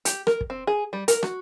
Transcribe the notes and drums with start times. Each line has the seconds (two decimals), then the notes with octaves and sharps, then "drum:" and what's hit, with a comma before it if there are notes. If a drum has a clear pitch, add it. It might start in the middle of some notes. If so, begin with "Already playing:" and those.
0.05 G4, drum: hi-hat
0.27 A#4, drum: rim click
0.41 drum: kick
0.50 C4
0.67 G#4
0.93 G3
1.08 A#4, drum: hi-hat
1.23 F#4, drum: rim click